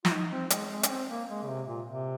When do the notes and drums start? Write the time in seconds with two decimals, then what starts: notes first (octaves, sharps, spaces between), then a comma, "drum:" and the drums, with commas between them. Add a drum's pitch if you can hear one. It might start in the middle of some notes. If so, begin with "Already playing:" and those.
0.05 F4, drum: snare
0.12 D#4
0.31 C4
0.50 G#3, drum: hi-hat
0.71 G#3
0.83 C#4, drum: hi-hat
0.89 C4
1.10 A#3
1.29 G#3
1.42 C#3
1.48 C3
1.67 A#2
1.87 C3